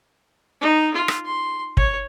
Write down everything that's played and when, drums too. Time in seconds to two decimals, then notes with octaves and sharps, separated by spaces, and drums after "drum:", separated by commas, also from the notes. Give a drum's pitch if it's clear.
0.61 D#4
0.93 F4
1.08 drum: rim click
1.25 C6
1.77 C#5, drum: kick